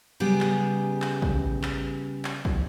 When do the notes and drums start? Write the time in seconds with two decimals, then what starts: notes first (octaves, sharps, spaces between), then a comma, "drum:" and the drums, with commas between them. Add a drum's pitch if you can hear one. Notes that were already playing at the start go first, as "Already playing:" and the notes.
0.20 C#3 G3 B3 G4 G#4
0.41 drum: clap
1.02 drum: clap
1.22 drum: kick
1.63 drum: clap
2.25 drum: clap
2.45 drum: kick